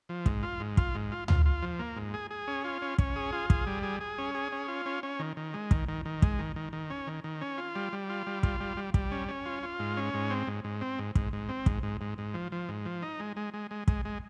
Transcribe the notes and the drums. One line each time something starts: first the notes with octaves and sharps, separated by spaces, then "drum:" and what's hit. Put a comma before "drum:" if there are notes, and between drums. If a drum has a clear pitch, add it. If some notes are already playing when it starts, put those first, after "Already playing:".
F3
G#2, drum: kick
F4
G#2
F4, drum: kick
G#2
F4
F4, drum: tom
F4
F3
A#3
G#2
G#4
G#4
C#4
F4
C#4
C#4, drum: kick
G#4
F4
G#4, drum: kick
G3
G#4
G#4
C#4
G#4
C#4
F4
C#4
C#4
D#3
D#3
G#3
D#3, drum: kick
D#3
D#3
G#3, drum: kick
D#3
D#3
D#3
C#4
D#3
D#3
C#4
F4
G3
G3
F4
G3
F4, drum: kick
G3
G3
G3, drum: kick
C#4
C#4
F4
F4
G#2
C#4
G#2
C4
G#2
G#2
C4
G#2
G#2, drum: kick
G#2
C4
G#2, drum: kick
G#2
G#2
G#2
F3
F3
G#2
F3
D#4
G#3
G#3
G#3
G#3
G#3, drum: kick
G#3